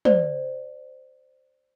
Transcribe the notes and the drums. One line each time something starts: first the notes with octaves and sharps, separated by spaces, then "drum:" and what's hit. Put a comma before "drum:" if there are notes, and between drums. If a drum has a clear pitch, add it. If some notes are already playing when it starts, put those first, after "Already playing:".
C5 D5, drum: tom